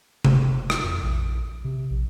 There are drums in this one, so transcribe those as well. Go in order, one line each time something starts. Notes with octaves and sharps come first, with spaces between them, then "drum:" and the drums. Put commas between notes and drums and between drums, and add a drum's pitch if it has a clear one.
F#1, drum: tom C3
drum: rim click
F2
A#1
C3
A#1